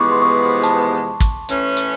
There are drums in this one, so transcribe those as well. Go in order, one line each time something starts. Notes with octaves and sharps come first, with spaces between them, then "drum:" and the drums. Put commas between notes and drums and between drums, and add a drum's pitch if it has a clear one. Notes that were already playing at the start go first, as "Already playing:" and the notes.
Already playing: E2 C3 F3 G#3 B3 C#6 D6
C6
C#6
A5, drum: hi-hat
drum: kick, hi-hat
E3 A3 C#4, drum: hi-hat
drum: hi-hat